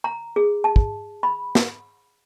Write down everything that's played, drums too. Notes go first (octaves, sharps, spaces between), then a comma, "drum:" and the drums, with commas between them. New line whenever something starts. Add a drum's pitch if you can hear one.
A#5
G#4
A5
drum: kick
B5
drum: snare